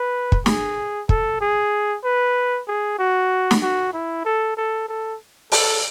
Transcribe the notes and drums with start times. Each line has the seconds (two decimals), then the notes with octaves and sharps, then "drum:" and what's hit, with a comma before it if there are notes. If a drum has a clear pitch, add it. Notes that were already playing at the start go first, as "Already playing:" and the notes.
Already playing: B4
0.32 drum: kick
0.46 G#4, drum: snare
1.09 A4, drum: kick
1.41 G#4
2.04 B4
2.68 G#4
2.98 F#4
3.51 drum: snare
3.62 F#4
3.93 E4
4.25 A4
4.57 A4
4.88 A4
5.52 A4, drum: open hi-hat